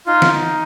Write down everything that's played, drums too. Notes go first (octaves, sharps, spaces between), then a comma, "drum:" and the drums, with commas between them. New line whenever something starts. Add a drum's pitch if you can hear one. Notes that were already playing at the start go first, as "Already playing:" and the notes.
D#4 F4
drum: snare